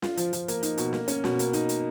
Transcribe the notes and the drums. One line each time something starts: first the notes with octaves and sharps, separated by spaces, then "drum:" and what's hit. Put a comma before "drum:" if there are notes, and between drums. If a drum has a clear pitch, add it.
F4, drum: snare
F3, drum: hi-hat
F3, drum: hi-hat
A#3, drum: hi-hat
D#4, drum: hi-hat
B2, drum: hi-hat
A#3, drum: snare
C#4, drum: hi-hat
B2, drum: snare
A#3, drum: hi-hat
D#4, drum: hi-hat
drum: hi-hat